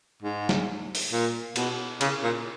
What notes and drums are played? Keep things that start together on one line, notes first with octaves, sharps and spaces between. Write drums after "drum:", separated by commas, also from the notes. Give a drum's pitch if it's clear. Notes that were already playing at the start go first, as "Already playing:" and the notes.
G#2
drum: snare
drum: open hi-hat
A#2
B2, drum: cymbal
C#3, drum: cymbal
A#2